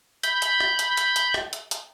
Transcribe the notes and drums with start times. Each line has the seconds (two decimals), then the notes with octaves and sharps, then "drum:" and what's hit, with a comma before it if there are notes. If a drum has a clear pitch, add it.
0.23 B5 G6, drum: hi-hat
0.42 drum: hi-hat
0.60 drum: rim click
0.79 drum: hi-hat
0.97 drum: hi-hat
1.16 drum: hi-hat
1.34 drum: rim click
1.53 drum: hi-hat
1.71 drum: hi-hat